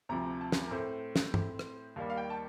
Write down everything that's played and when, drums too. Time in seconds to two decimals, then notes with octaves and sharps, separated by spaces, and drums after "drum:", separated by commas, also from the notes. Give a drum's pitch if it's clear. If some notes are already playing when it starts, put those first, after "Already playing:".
0.09 D2 C3 F3 C4 A#5
0.41 A5
0.52 drum: snare
0.67 A#4
0.71 A2 A3 C4 C5
1.16 drum: snare
1.34 A2 A3 C4, drum: tom G2
1.59 drum: rim click
1.96 D#2 D#3 G3 F5
2.10 F5
2.17 G5
2.30 A5